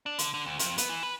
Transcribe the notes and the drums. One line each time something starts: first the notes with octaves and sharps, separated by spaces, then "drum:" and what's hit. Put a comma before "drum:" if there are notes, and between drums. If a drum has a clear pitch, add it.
D4
D3, drum: hi-hat
D3
D2
F2, drum: hi-hat
B3, drum: hi-hat
E3
B4